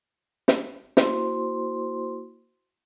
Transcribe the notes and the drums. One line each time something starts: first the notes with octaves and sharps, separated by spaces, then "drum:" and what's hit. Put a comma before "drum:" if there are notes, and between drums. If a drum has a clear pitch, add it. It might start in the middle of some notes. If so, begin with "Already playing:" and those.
drum: snare
A#3 E4 F#4 C5 C6, drum: snare